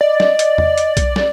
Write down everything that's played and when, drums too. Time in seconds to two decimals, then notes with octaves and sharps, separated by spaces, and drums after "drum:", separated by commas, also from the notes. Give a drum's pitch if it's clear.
0.01 D5 D#5
0.20 drum: snare
0.39 drum: hi-hat
0.58 drum: tom E2
0.78 drum: hi-hat
0.97 drum: kick B1, hi-hat
1.16 drum: snare